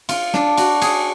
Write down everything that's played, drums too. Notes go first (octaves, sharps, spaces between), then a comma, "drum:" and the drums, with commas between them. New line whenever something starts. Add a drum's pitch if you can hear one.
F4, drum: cymbal
D4, drum: snare
F#4, drum: cymbal
G#4, drum: cymbal